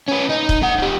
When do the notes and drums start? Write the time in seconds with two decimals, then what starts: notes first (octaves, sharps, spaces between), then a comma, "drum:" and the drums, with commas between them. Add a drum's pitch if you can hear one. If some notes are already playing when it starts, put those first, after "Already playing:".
0.08 C#4 B4
0.29 D#4
0.49 drum: kick
0.62 A3 F#5
0.78 F3 G4